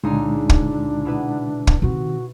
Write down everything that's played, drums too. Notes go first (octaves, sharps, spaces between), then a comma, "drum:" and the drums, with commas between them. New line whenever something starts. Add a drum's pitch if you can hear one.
C#2 A#2 D3 G#3 D4 D#4 G#5
drum: kick
B2 E4 B4
drum: kick
C3 D#3 F#4